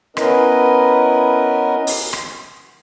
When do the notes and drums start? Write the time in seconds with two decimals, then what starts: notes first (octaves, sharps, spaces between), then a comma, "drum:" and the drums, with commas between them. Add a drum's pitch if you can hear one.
0.17 B3 C#4 E4 A#4 B4 D#5, drum: rim click
1.87 drum: open hi-hat
2.13 drum: rim click